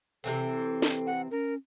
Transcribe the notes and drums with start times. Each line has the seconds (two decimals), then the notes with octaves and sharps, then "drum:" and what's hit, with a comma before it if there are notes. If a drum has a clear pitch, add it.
0.24 C3 E3 C4 A4, drum: open hi-hat
0.82 drum: snare
1.07 F#5
1.31 C#4 A#4